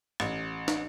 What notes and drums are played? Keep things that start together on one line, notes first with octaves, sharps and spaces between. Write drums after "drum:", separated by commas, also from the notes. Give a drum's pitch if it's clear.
A1, drum: rim click
drum: snare